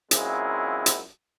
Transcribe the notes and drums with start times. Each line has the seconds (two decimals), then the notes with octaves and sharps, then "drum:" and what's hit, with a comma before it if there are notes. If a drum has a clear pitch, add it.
0.11 F#2 A#2 C#3 G#3 C4 E4, drum: hi-hat
0.86 drum: hi-hat